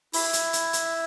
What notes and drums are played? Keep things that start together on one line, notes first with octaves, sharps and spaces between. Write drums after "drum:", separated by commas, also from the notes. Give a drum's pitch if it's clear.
E4, drum: open hi-hat
drum: hi-hat
drum: hi-hat
drum: hi-hat